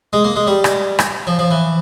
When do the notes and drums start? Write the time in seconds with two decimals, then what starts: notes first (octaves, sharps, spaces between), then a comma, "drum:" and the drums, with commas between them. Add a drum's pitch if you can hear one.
0.13 G#3
0.24 A#3
0.36 G#3
0.47 G3
0.64 drum: rim click
0.99 drum: rim click
1.27 F3
1.39 F3
1.51 E3